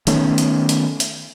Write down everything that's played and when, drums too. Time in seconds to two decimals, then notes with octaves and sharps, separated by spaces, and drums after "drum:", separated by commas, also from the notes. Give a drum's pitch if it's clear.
0.07 D#3 A3 B3 C#4, drum: hi-hat
0.38 drum: hi-hat
0.69 drum: hi-hat
1.00 drum: hi-hat